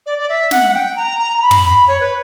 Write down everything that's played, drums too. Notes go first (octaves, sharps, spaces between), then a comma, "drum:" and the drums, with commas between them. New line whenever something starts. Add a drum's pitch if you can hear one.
D5
D5
E5
F#5, drum: snare
F#5
G5
A#5
A#5
A#5
B5
drum: tom
B5
C#5
B4